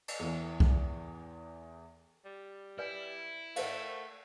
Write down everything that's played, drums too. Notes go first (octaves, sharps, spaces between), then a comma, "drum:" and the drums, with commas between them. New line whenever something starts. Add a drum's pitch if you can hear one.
drum: cymbal
E2 E3
drum: kick
G3
E4 B4 D5 G#5
A3 A#4 C5 F5 F#5, drum: cymbal